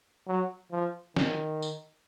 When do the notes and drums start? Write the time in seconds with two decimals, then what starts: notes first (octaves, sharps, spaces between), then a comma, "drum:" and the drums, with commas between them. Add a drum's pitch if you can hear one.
0.27 F#3
0.72 F3
1.16 D#3, drum: snare
1.62 drum: tambourine